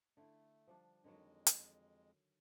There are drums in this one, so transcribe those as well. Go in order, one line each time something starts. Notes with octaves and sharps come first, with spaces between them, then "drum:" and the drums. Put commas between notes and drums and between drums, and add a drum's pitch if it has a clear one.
D3 A3 E4
F3 G3 D4
F2 D3 D#3 F#3 G#3
drum: hi-hat